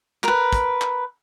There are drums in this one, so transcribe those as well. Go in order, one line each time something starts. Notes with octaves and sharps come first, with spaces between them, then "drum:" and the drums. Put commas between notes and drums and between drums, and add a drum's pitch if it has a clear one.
A#4 B4, drum: clap
drum: kick, hi-hat
drum: clap